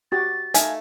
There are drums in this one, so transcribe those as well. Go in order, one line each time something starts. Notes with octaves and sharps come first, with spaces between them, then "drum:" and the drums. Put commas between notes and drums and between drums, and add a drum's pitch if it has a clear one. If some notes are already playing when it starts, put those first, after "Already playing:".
F#4 G4 A6
A3 D#4 D#5 F5 G#5, drum: hi-hat